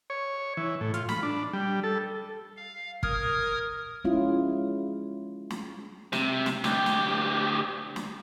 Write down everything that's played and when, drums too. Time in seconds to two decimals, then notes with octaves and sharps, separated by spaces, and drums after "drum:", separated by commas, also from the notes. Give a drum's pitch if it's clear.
0.10 C#5
0.57 E3
0.81 A2
0.94 F4, drum: hi-hat
1.09 B5, drum: snare
1.23 D4
1.53 G3
1.83 A4
2.57 F5
3.03 A#4 D#6 F6 G#6, drum: kick
4.04 G#3 C#4 E4 F4
5.50 drum: snare
6.13 C3, drum: snare
6.46 drum: snare
6.64 D2 G4, drum: snare
6.86 drum: snare
7.96 drum: snare